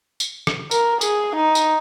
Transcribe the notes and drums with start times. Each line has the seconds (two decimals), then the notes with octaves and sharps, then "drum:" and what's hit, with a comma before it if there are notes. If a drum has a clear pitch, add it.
0.20 drum: tambourine
0.47 drum: rim click
0.71 A#4, drum: tambourine
1.01 G#4, drum: tambourine
1.36 D#4
1.55 drum: tambourine